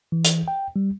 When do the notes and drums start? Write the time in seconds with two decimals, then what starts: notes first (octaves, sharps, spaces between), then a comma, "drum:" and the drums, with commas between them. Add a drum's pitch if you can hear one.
0.12 E3
0.25 drum: hi-hat
0.48 G5
0.76 G3